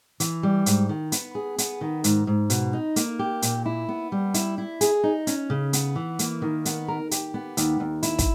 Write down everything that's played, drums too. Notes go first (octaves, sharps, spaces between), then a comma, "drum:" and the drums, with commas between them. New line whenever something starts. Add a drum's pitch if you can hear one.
E3, drum: hi-hat
G3
G#2, drum: hi-hat
D#3
B3, drum: hi-hat
G#4
B3, drum: hi-hat
D#3
G#2, drum: hi-hat
G#2
B2, drum: hi-hat
D#4
A#3, drum: hi-hat
G4
A#2, drum: hi-hat
E4
B3
G3
E4, drum: hi-hat
E4
G#4, drum: hi-hat
D#4
C#4, drum: hi-hat
C#3
B3, drum: hi-hat
E3
A#3, drum: hi-hat
D#3
B3, drum: hi-hat
A#4
G4, drum: hi-hat
B3
D#2, drum: hi-hat
D#2
E4, drum: hi-hat
drum: kick, hi-hat